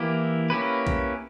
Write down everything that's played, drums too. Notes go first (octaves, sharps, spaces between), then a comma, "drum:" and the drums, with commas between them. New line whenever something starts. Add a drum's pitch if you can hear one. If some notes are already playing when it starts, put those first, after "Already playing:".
Already playing: E3 A#3 E4 G4
A#3 C#4 E4 G4 B4
drum: kick B1